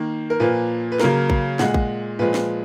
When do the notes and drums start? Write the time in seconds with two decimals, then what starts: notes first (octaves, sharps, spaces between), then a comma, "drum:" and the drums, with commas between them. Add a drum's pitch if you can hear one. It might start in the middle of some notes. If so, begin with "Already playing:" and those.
Already playing: D#3 A#3
0.30 A#4
0.40 A#2 F3 A#3 B4
0.92 B4
1.00 C#3 F#3 A#3 A#4, drum: snare
1.30 drum: kick
1.59 A#2 G#3 F#5, drum: snare
1.74 drum: kick
2.19 A#2 F3 G#3 B4
2.34 drum: snare